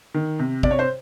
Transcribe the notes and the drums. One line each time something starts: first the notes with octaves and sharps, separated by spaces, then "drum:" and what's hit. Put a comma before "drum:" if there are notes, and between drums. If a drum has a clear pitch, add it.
D#3
C3
C3 D5, drum: kick
C#5
C5